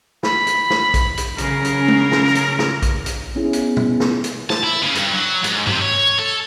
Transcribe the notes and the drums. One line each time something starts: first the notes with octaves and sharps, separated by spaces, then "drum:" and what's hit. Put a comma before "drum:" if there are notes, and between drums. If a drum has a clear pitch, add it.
B5, drum: snare
drum: hi-hat
drum: snare
drum: kick A#1, hi-hat
drum: hi-hat
C#3 F#3 C#4 A#4, drum: hi-hat
drum: hi-hat
drum: tom G#3
drum: snare
drum: hi-hat
drum: snare
drum: kick A#1, hi-hat
drum: hi-hat
B3 C#4 E4 G#4
drum: hi-hat
drum: tom
drum: snare
drum: hi-hat
A5, drum: snare
E4
C#3
G2, drum: hi-hat
F#3
G#2, drum: hi-hat
C3, drum: tom G2
C#5
A4